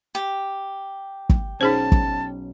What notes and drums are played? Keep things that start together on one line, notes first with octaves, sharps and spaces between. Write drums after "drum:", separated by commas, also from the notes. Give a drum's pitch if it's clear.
G4
drum: kick
B1 C#4 D#4 G#4 C5 A5
drum: kick